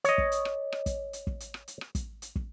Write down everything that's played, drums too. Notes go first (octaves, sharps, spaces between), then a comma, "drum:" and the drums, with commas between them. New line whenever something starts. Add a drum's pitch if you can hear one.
C#5 D#5, drum: hi-hat
drum: kick
drum: hi-hat
drum: rim click
drum: rim click
drum: kick, hi-hat
drum: hi-hat
drum: kick
drum: hi-hat
drum: rim click
drum: hi-hat
drum: rim click
drum: kick, hi-hat
drum: hi-hat
drum: kick